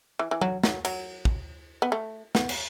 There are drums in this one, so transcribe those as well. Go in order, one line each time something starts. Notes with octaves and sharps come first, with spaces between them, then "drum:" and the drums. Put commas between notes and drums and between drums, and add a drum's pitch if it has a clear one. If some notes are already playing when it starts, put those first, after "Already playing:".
E3
E3
F#3, drum: tom F#3
F#3, drum: snare
F#3, drum: cymbal
drum: kick
B3
A3
B3, drum: snare
drum: cymbal